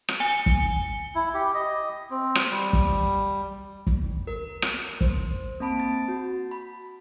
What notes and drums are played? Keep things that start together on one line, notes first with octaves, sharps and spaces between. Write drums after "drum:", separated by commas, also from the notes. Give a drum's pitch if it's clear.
drum: rim click
G#5 C#7 G7
drum: kick
E4
G4
D#5
C4
drum: rim click
G3
drum: kick
drum: kick
A#4
drum: rim click
C5, drum: kick
A#3 C4 A5 B5 D7
A6
F#4
B5